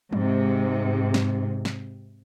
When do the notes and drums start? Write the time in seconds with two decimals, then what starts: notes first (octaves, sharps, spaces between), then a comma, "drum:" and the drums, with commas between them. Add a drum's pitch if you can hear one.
0.13 G#2 C3, drum: tom E3
1.14 drum: snare
1.65 drum: snare